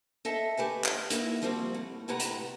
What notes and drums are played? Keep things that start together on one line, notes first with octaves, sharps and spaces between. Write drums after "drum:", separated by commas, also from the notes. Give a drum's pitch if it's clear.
A4 D#5 E5 A5
A3 G4 B4 G#5
drum: clap
A#3 D#4 E4 F#4, drum: hi-hat
F3 G3 A#3 C4 F4 F#4
A2
D2 A2 C3 B4 F#5 A#5
drum: hi-hat